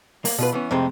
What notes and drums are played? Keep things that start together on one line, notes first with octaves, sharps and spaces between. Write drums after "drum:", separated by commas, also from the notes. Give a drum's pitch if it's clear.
A#3, drum: open hi-hat
B2 F4 B4
E3 B3 C#4
F2 C3 G#3 A3 C4